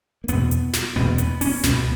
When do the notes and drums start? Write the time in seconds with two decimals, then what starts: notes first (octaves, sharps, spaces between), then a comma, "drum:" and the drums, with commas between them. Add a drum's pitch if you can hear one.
0.24 A#3
0.28 E2 B2 B3, drum: hi-hat
0.51 drum: hi-hat
0.74 drum: snare
0.96 E2 B2 B3
1.18 B3, drum: hi-hat
1.41 C#4, drum: open hi-hat
1.64 C#2 B2 B3, drum: snare
1.75 B3